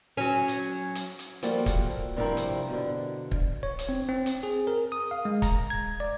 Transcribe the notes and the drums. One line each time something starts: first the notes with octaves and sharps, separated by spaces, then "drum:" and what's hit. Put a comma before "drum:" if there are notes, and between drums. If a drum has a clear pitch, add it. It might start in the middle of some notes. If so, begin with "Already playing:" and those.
F#3 C#4
drum: hi-hat
drum: hi-hat
drum: hi-hat
F3 G3 A#3 F4 F#4 A4, drum: hi-hat
drum: kick, hi-hat
G2 C3 F3 E4 A#4 G5
drum: hi-hat
B2 D3
drum: kick
C#5
drum: hi-hat
C4
C4
drum: hi-hat
G#4
A#4
D#6
F5
G#3
A#5, drum: kick, hi-hat
G#6
D5